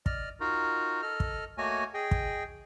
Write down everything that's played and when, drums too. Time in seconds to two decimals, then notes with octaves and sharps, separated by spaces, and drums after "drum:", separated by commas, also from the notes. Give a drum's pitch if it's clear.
0.06 D5 D#5 F6, drum: kick
0.40 D#4 F4 F#4 A#4
1.02 A4 D#5 F6
1.20 drum: kick
1.58 A3 A#3 F#4 C#5 D#5 G#5
1.94 G#4 D#5 G5
2.11 drum: kick